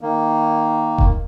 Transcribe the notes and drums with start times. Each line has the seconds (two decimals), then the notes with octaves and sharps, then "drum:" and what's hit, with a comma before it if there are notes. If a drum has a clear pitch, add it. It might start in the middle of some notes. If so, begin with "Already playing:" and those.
0.01 D#3 A#3
0.98 drum: kick E1